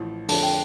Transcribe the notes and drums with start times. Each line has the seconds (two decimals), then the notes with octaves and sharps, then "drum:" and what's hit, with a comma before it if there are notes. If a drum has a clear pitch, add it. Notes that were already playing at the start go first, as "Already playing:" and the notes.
Already playing: A1 A2 F3
0.29 F2 D3 A3 D4 A5, drum: open hi-hat
0.43 G5